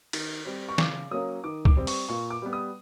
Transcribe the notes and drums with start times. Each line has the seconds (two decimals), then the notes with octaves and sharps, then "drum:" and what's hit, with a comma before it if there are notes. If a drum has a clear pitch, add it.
0.13 D#3, drum: cymbal
0.45 G3 C4
0.69 C#6
0.78 C#3 D6, drum: snare
1.11 F#3 A#3 C#4 D#6
1.44 D#3 D6
1.65 D6, drum: kick
1.76 G3 C4
1.87 C#6, drum: open hi-hat
2.09 A#2 C#6
2.30 D6
2.42 G3 B3
2.53 D#6